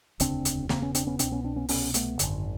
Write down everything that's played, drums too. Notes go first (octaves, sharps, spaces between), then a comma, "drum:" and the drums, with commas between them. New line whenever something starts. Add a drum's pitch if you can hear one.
E1 D2 C#3 C4 D4, drum: hi-hat
drum: hi-hat
E1 D2 C#3 A#3 C4, drum: snare
B3 C#4
C4 D4, drum: hi-hat
B3 C#4
C2 B2 C4 D4, drum: hi-hat
B3 C#4
C4 D4
B3 C#4
C2 B2 B3 C#4, drum: open hi-hat
A3 B3, drum: hi-hat
G#1 F#2 D3, drum: hi-hat